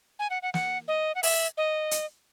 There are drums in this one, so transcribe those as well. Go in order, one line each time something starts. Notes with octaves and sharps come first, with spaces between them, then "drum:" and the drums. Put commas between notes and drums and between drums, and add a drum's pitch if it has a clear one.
G#5
F#5
F#5
F#5, drum: snare
D#5
F#5
E5, drum: open hi-hat
D#5
drum: hi-hat